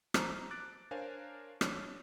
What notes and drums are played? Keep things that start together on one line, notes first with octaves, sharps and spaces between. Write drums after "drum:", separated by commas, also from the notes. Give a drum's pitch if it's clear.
C5 A5 A#5, drum: rim click
D6 F#6 A6 D7
D4 A#4 C5 C#5 F5 G#5
D4 C#5, drum: rim click